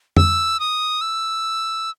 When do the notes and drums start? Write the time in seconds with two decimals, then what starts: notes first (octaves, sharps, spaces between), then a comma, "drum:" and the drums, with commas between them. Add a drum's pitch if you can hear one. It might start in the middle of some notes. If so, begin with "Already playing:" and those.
0.17 E6, drum: tom F2
0.60 D#6
1.01 E6